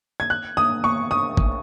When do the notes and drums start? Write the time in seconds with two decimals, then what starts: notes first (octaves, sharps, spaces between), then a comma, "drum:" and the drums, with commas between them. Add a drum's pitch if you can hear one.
0.20 G#6
0.30 F#6
0.57 D#6
0.84 C#6
1.11 D#6
1.37 drum: kick